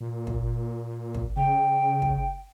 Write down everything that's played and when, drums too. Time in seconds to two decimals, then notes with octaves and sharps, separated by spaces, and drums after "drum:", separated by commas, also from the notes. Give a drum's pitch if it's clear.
0.01 A#2
0.27 drum: kick
1.15 drum: kick
1.36 C#3 G5
2.02 drum: kick